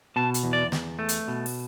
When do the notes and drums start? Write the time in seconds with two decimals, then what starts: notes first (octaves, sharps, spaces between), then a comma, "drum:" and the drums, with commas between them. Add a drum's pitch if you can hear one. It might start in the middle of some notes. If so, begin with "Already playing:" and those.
0.16 B2 A5
0.34 drum: hi-hat
0.43 E2
0.53 D5
0.72 E2, drum: snare
0.99 A3
1.09 drum: hi-hat
1.28 B2
1.46 drum: open hi-hat